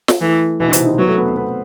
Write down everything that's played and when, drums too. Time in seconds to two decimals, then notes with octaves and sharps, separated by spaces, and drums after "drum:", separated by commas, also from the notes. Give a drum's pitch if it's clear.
0.08 drum: snare
0.21 E3 A3
0.60 B2 E3 B3
0.68 D#4
0.73 C3 C4, drum: hi-hat
0.85 D#3 D#4
0.98 F#3 B3 B4
1.08 A3 A4
1.17 B3 B4
1.27 C4 C5
1.37 B3 B4